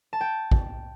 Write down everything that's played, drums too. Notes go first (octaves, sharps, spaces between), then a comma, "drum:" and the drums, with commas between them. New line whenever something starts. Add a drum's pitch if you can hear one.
A5
G5
drum: kick